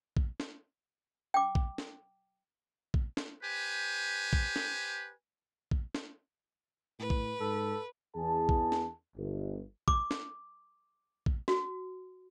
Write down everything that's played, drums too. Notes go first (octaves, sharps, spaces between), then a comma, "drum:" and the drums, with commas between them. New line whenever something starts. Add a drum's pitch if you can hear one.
drum: kick A#1
drum: snare
G5 D6
drum: kick A#1
drum: snare
drum: kick A#1
drum: snare
G4 B4 C5 G#5
drum: kick A#1
drum: snare
drum: kick A#1
drum: snare
A2 B4
drum: kick A#1
G#2 A4
E2 G#4 A5
drum: kick A#1
drum: snare
G1
D6, drum: kick A#1
drum: snare
drum: kick A#1
F#4, drum: snare